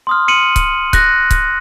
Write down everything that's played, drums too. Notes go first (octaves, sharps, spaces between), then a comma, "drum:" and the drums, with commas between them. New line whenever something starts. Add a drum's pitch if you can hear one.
C6 D#6 F6
C6 C#7 D#7 F#7
drum: kick C#1, hi-hat
F#6 A#6, drum: kick C#1, hi-hat
drum: kick C#1, hi-hat